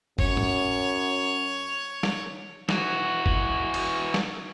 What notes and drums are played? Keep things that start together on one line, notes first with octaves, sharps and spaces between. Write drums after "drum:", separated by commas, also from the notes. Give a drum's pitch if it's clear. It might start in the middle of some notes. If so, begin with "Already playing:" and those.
F#2 C#5, drum: kick G1
drum: tom G#2
drum: snare
E3 F#4, drum: snare
drum: kick G1
drum: cymbal
drum: snare